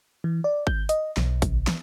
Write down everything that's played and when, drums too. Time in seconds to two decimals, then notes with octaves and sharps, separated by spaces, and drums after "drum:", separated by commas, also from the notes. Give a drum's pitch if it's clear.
0.24 E3
0.44 D5
0.67 G6, drum: kick G#1
0.89 D#5, drum: hi-hat
1.17 B1, drum: snare
1.42 drum: kick G#1, hi-hat
1.67 drum: snare